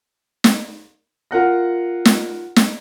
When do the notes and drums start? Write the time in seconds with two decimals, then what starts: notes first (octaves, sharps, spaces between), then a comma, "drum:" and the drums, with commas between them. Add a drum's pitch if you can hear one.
0.44 drum: snare
1.31 F4 A#4 F#5 A#6
2.05 drum: snare
2.56 drum: snare